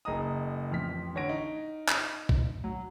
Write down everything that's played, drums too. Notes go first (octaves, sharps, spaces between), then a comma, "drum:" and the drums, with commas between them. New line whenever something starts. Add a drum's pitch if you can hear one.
F#1 G#4 D#5 A#5 D#6
A1 F2 F6 B6
A1 D3 C#5 F#5 A#6 D7
D#4
drum: clap
drum: kick
F#3